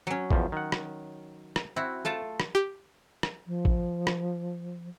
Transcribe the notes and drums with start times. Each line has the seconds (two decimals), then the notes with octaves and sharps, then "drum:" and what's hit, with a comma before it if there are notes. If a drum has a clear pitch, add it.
0.07 F#3 C#4
0.31 E2 F3, drum: kick
0.52 D#3 F#5
0.72 drum: rim click
1.56 drum: rim click
1.76 C4 E4 F#4
2.05 A3 F4 A5
2.40 drum: rim click
2.55 G4
3.23 drum: rim click
3.47 F3
3.65 drum: kick
4.07 drum: rim click